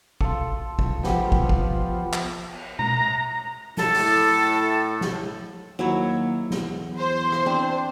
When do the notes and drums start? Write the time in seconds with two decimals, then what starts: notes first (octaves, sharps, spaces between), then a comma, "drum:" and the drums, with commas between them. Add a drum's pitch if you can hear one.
0.21 F4 A4, drum: kick
0.79 drum: kick
1.03 F3 B3 G4, drum: snare
1.32 drum: kick
1.49 drum: kick
2.13 drum: clap
2.52 drum: cymbal
2.79 A#5, drum: tom B2
3.77 A2 A4, drum: snare
3.94 drum: open hi-hat
5.01 drum: snare
5.79 D#2 F#3 E4 C#5
6.51 E2, drum: snare
6.99 C5
7.32 drum: rim click
7.46 C4 D4